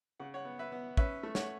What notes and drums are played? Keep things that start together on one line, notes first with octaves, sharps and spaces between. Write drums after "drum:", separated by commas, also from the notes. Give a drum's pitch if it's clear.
C#3 F#5
C#5 F#5
B3
B4 E5
B3
C#4 B4 E5, drum: kick
A3
C#5 F#5, drum: snare